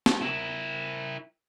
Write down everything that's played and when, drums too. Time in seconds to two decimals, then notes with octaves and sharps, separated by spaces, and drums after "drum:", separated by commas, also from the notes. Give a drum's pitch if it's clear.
0.06 drum: snare
0.21 E4 A#4